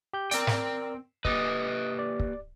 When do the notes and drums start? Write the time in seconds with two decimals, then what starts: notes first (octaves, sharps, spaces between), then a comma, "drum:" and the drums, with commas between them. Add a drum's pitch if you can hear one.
0.13 G4 G6
0.31 C4 A#4 D5 G5, drum: hi-hat
0.47 drum: snare
1.25 A#3 G4 B4 D#5 D#6 A6, drum: kick
1.99 D5
2.20 drum: kick